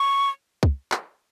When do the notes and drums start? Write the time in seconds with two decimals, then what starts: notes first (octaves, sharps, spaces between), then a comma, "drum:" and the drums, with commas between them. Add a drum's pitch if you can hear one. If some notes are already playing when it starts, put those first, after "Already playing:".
Already playing: C#6
0.63 drum: kick
0.92 drum: clap